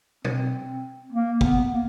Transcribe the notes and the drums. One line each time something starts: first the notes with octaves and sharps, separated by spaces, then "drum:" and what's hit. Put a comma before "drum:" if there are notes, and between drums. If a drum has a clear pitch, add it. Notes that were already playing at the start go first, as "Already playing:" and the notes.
C4, drum: tom B2
A#3
B3, drum: kick
A#3